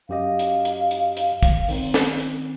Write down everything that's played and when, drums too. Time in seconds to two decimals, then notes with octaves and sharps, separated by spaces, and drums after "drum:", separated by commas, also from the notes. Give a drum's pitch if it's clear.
0.09 F#2 G4 D#5 F5
0.39 drum: hi-hat
0.65 drum: hi-hat
0.91 drum: hi-hat
1.17 drum: hi-hat
1.43 drum: kick, hi-hat
1.68 D#3 C4, drum: open hi-hat
1.94 drum: snare
2.20 drum: hi-hat